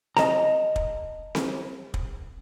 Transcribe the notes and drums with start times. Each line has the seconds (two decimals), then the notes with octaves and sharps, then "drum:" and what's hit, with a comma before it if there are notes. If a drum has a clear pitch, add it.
0.17 D#5 A5 A#5, drum: snare C4
0.76 drum: kick
1.35 drum: snare C4
1.94 drum: kick